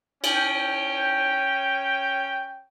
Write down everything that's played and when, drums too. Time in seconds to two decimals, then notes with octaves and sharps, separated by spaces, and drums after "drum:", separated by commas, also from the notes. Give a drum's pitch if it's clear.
0.24 C#4 G5, drum: cymbal